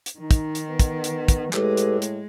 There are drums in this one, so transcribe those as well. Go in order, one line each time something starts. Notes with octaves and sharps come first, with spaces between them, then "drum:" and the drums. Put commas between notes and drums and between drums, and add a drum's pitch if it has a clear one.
drum: hi-hat
D#3 D#4
drum: kick, hi-hat
drum: hi-hat
B3
drum: kick, hi-hat
drum: hi-hat
drum: kick, hi-hat
A2 G#3 G4 A4 B4, drum: clap
drum: hi-hat
drum: hi-hat